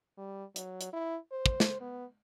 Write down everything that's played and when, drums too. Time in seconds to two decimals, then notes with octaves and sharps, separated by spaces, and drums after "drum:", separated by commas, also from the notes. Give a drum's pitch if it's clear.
0.18 G3
0.56 F#3, drum: hi-hat
0.81 drum: hi-hat
0.93 E4
1.32 C5
1.46 drum: kick
1.60 drum: snare
1.81 B3